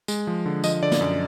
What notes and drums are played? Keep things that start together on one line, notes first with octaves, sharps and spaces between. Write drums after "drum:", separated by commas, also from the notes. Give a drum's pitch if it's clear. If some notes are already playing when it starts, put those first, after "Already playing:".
G#3, drum: tambourine
F3
D3
F3 D#5, drum: tambourine
D3 D5
drum: snare
F#2